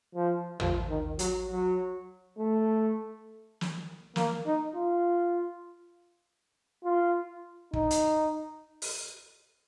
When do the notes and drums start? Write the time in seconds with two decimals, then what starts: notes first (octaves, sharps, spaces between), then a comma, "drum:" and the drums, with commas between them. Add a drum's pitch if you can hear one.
0.15 F3
0.60 F3, drum: tom
0.89 D#3
1.19 F#3, drum: hi-hat
1.48 F#3
2.38 A3
3.61 drum: snare
4.16 A#3, drum: snare
4.46 D#4
4.75 F4
6.84 F4
7.73 D#4, drum: kick
7.91 drum: hi-hat
8.82 drum: open hi-hat